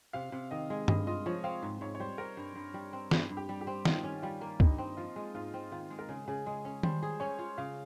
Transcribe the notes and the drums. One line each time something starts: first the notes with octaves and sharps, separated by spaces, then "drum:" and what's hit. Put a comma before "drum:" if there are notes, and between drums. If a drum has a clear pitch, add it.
C3 F5
C3
D#3 D#5
G#3
G2 D#5, drum: tom G2
F4 D#5
F3 C#5
C4 F5
G#2
G#2 C#5
C#5
G3 C5
C4 A#4
G2
G2
G3
C4
G2, drum: snare
G2
G4
G3
G4
C4
D#3 F4, drum: snare
C#4
G3 F4
A#3
G2 D#4, drum: kick C#2
C4
F3 F4
G#3
G#2 F4
C4
D#3 F4
G#3
A#4
C#3 G#4
C#3 G#4
G#3 G#4
C#4 G#4
G3 C5, drum: tom D#3
G#4
C#4 C#5
F4
C#3 F5